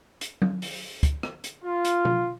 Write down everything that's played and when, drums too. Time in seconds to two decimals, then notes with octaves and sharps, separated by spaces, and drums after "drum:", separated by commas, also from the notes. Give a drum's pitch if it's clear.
0.21 drum: hi-hat
0.42 drum: tom F#3
0.62 drum: open hi-hat
1.03 drum: kick, hi-hat
1.23 drum: rim click
1.44 drum: hi-hat
1.64 F4
1.85 drum: hi-hat
2.05 drum: tom B2